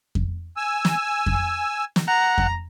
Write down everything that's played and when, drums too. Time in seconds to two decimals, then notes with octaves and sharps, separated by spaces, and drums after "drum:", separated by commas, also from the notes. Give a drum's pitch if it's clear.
0.15 drum: kick F2
0.57 G#5 E6
0.85 drum: snare
1.26 drum: kick F2
1.96 drum: snare
2.08 F#5 A#5
2.38 drum: kick F2